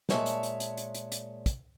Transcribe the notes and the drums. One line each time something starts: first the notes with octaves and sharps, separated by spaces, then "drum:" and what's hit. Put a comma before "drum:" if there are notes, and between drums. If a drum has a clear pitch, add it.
A#2 G#3 C#5 E5 A5, drum: snare
drum: hi-hat
drum: hi-hat
drum: hi-hat
drum: hi-hat
drum: hi-hat
drum: hi-hat
drum: kick, hi-hat